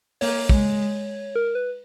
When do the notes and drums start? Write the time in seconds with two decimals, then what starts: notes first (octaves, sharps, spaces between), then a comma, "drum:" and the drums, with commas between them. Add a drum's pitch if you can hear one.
0.21 A#3 C#5, drum: open hi-hat
0.49 G#3, drum: kick
1.36 A#4
1.55 B4